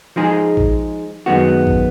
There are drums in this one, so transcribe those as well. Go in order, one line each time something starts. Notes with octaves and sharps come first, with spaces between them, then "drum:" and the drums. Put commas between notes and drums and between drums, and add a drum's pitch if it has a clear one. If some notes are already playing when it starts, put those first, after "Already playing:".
F3 G#3 D#4 G#4
drum: kick A1
F#2 D#3 G#3 B3 F#4
drum: kick A1